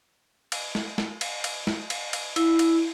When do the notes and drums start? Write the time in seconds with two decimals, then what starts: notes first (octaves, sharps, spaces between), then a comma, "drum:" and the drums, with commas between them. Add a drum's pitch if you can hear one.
0.52 drum: cymbal
0.75 drum: snare
0.98 drum: snare
1.21 drum: cymbal
1.44 drum: cymbal
1.67 drum: snare
1.90 drum: cymbal
2.13 drum: cymbal
2.36 E4, drum: cymbal
2.59 drum: cymbal